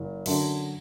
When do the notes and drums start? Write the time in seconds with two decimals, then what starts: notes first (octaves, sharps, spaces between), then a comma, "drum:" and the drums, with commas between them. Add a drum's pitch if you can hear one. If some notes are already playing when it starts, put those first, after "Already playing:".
Already playing: F#1
0.26 F#2 D3, drum: cymbal